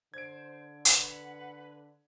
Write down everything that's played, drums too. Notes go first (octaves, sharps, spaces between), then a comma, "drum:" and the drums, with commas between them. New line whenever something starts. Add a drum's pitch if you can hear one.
D3 C5 G#6 D7
B4 F#5, drum: hi-hat